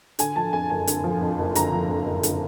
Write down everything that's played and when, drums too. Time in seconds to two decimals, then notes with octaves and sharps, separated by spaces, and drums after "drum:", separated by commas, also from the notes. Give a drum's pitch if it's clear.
0.19 D3 G#5, drum: hi-hat
0.36 F3 A5
0.53 F2 G#5
0.70 F#1 G#5
0.87 D3, drum: hi-hat
1.04 F3
1.21 F2
1.38 F#1
1.55 D3 A#5, drum: hi-hat
1.72 F3
1.89 F2
2.06 F#1
2.23 D3, drum: hi-hat